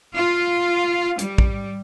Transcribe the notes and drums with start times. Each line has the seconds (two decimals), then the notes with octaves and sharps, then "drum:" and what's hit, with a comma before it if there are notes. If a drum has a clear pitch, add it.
0.15 F4
1.19 G3, drum: hi-hat
1.38 drum: kick